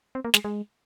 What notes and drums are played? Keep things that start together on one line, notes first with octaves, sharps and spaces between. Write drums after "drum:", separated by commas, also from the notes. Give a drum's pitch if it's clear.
C4
A#3
G#3, drum: snare
G#3